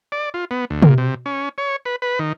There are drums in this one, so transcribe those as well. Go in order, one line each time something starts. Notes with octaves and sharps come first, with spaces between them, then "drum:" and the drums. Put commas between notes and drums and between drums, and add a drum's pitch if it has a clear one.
D5
F4
B3
D2
A#2, drum: tom
C3
C#4
C#5
B4
B4
D#3